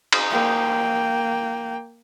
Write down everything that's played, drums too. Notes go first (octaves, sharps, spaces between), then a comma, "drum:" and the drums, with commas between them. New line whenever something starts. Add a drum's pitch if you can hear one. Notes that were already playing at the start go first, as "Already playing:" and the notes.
drum: cymbal
A#3 G5